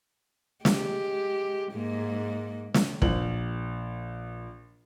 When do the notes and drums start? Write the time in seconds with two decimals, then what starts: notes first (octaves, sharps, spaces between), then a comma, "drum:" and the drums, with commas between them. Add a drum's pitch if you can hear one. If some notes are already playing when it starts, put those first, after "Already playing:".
0.65 G#3 G4, drum: snare
1.72 G#2 A#3
2.74 drum: snare
3.02 A#1 F#7, drum: kick